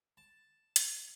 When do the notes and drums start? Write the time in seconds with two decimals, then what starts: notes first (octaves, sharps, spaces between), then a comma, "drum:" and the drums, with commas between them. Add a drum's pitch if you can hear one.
0.17 A5
0.76 drum: hi-hat